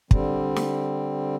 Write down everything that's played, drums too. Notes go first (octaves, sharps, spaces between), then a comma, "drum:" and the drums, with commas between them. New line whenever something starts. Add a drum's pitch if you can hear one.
D3 G3 C4, drum: kick
drum: snare